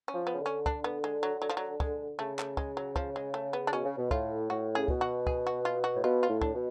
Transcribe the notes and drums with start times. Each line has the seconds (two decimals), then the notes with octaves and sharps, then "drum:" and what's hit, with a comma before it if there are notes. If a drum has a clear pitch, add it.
0.08 C#4
0.14 F3
0.27 B3
0.33 C#3
0.40 D3
0.46 C#4
0.66 D4, drum: kick
0.84 B3
1.04 G#3
1.23 F#3
1.42 F#3
1.49 F3
1.57 F#3
1.80 G#3, drum: kick
2.19 C#3 A3
2.39 A3, drum: clap
2.57 G#3, drum: kick
2.77 F#3
2.96 F3, drum: kick
3.16 G#3
3.34 A3
3.53 B3
3.67 D4
3.73 B2 C#4
3.85 C#3
3.97 B2
4.11 A2 F4, drum: kick
4.50 A2 F#4
4.75 C#3 G#4
4.88 B2, drum: kick
5.01 F#4
5.27 G#4, drum: kick
5.47 F#4
5.65 F4
5.84 F#4
5.94 A2
6.04 B2 F4
6.23 F4
6.29 A2
6.41 D4, drum: kick
6.55 B2